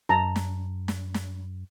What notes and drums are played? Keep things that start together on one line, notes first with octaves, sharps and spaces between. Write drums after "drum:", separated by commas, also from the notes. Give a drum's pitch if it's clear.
F#2 A5 A#5
drum: snare
drum: snare
drum: snare